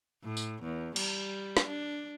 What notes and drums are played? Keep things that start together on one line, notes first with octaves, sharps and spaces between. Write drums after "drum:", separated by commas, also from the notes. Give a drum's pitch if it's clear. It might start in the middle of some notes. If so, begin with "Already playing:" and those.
A2
drum: tambourine
E2
G3, drum: cymbal
drum: snare
D4